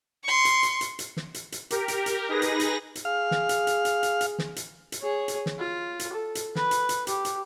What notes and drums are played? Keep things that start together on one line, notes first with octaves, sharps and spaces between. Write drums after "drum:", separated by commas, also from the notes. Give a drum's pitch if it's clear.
C6 C#6
drum: hi-hat
drum: hi-hat
drum: hi-hat
drum: hi-hat
drum: snare
drum: hi-hat
drum: hi-hat
G4 A#4, drum: hi-hat
drum: hi-hat
drum: hi-hat
D#4 G#4 B4 A#6
drum: hi-hat
drum: hi-hat
drum: hi-hat
G#4 F5
drum: snare
drum: hi-hat
drum: hi-hat
drum: hi-hat
drum: hi-hat
drum: hi-hat
drum: snare
drum: hi-hat
drum: hi-hat
G#4 C#5
drum: hi-hat
drum: snare
F4
drum: hi-hat
A4
drum: hi-hat
B4, drum: snare
drum: hi-hat
drum: hi-hat
G4, drum: hi-hat
drum: hi-hat